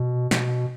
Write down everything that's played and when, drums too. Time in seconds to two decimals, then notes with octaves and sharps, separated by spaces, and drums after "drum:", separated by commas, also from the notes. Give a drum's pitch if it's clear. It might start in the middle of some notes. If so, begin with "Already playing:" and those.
Already playing: B2
0.31 B2, drum: snare